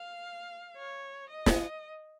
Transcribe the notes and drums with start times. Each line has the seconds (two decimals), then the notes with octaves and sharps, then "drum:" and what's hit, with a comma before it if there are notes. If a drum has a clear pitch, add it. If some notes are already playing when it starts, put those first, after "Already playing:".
Already playing: F5
0.76 C#5
1.30 D#5
1.46 drum: snare